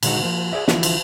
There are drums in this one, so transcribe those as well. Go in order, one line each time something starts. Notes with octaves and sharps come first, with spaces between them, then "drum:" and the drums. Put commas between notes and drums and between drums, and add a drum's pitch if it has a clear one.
A#2 D3 D#3 G#3 D#4 F#4, drum: cymbal
F3 A#3
G#4 D5 E5
D3 E3 F3 E4 F4, drum: snare
drum: cymbal